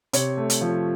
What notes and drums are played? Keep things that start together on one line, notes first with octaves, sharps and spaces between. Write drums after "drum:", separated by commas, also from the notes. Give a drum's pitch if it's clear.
C3 C#5, drum: hi-hat
A3
drum: hi-hat
F3